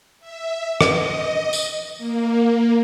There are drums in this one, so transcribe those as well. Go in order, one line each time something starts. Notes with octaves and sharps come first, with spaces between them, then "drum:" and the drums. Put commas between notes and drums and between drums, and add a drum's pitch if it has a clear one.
E5
D#5, drum: rim click
drum: tambourine
A#3